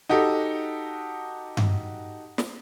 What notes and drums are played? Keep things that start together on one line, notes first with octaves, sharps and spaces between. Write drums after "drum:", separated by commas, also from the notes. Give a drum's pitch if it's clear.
D#4 F#4 G4 A4
drum: tom G2
drum: snare